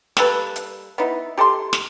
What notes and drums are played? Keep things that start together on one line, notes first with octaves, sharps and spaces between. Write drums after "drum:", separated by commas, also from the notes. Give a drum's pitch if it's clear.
G3 A#3 A4 B4, drum: snare
drum: hi-hat
B3 D#4 E4
G4 A4 A#5 C6
drum: snare